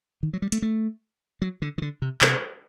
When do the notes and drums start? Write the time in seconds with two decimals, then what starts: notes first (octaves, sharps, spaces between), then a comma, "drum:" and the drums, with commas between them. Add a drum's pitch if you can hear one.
0.23 D#3
0.33 F#3
0.42 G3
0.52 A3, drum: hi-hat
0.62 A3
1.42 F#3
1.62 D3
1.78 D#3
1.82 D3
2.02 C3
2.21 C3, drum: clap